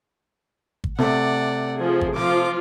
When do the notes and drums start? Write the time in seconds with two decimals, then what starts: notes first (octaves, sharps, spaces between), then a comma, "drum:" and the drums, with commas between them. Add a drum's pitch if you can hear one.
0.84 drum: kick
0.98 C3 A3 D5 F#5, drum: snare
1.77 F3 G#4
2.01 drum: kick
2.16 F3 F4 D6, drum: snare